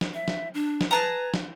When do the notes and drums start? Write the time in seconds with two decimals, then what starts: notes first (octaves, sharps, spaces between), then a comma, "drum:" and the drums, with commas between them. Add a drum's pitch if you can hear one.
0.01 drum: snare
0.14 E5
0.28 drum: snare
0.54 D4
0.81 drum: snare
0.91 G#4 B4 A5 A#5
1.34 drum: snare